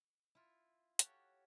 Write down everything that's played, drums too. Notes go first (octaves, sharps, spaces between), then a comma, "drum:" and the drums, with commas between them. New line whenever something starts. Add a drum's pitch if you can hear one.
E4 F4
F#4 G4 A4 C#5 F5 F#5, drum: hi-hat